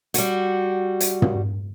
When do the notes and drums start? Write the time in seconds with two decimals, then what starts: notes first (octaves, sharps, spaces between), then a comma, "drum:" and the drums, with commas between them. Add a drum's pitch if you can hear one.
0.14 G3 F#4, drum: hi-hat
1.00 drum: hi-hat
1.22 drum: tom